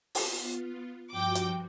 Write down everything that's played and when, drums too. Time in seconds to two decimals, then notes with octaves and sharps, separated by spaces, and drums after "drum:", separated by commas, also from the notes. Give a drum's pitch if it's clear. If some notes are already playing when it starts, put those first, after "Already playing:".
0.15 B3 F4, drum: open hi-hat
1.11 G2 F3 F#4 G5 D6
1.35 drum: hi-hat